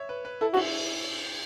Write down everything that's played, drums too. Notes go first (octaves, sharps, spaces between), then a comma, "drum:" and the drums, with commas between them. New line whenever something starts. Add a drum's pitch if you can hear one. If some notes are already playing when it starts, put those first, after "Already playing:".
Already playing: C#5 E5
B4
B4
E4 A4
F#4, drum: cymbal
E4